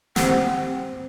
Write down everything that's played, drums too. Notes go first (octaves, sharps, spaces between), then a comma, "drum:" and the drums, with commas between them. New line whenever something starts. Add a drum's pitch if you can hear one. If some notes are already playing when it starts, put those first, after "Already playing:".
C4 G4 C5 F#5, drum: snare